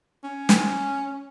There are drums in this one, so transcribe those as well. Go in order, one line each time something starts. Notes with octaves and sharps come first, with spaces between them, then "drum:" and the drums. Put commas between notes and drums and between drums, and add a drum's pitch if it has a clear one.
C#4
drum: snare